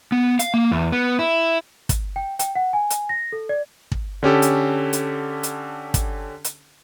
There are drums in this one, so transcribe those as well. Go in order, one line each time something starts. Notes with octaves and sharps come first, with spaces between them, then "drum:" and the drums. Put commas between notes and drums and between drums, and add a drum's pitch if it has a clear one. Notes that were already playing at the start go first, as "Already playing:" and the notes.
B3
F5, drum: hi-hat
A#3
E2
B3
E4
drum: kick, hi-hat
G5
G5, drum: hi-hat
F#5
G#5
drum: hi-hat
A#6
A4
D5
drum: kick
D3 C#4 G4 A4
drum: hi-hat
drum: hi-hat
drum: hi-hat
drum: kick, hi-hat
drum: hi-hat